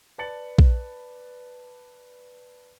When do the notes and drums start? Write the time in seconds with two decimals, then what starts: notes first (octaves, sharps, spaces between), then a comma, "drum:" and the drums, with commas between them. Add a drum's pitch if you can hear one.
0.18 B4 D5 A5 A6 C#7 F#7
0.59 drum: kick A#1